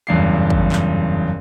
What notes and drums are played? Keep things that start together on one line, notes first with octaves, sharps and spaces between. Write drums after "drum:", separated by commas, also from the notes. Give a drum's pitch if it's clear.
F#1 E2 G2 C7
drum: kick
drum: clap